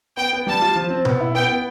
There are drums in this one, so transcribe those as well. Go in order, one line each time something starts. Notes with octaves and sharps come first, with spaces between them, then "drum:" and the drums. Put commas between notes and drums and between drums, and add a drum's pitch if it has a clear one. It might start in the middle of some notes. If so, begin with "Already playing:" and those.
B3 G5
B3
G3 A5
F4
F3
C4
B3, drum: tom B2
E4
B3 G5
B3